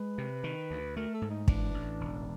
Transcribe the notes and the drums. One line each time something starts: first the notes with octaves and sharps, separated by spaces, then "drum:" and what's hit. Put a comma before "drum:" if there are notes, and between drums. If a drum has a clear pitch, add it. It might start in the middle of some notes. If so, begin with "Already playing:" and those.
Already playing: G#3 B4
C3
D#3
D2
A3 A#4
A4
G#2
D#4
E3 D4, drum: kick
A1
E1